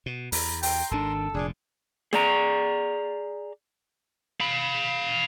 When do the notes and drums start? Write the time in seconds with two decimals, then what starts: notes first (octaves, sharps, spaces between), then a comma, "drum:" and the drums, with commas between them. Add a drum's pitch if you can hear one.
0.06 B2
0.32 E2 A#5 B5, drum: open hi-hat
0.63 G5 A#5 C6, drum: open hi-hat
0.91 G#1 D#3 D4 A4
1.34 F1 A#2 D4 G#4
2.13 G#4 D5 A#5, drum: snare
4.41 F5 B5